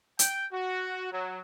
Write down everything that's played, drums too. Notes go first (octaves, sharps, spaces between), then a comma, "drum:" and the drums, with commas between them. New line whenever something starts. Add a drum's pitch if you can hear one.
G5, drum: hi-hat
F#4
F#3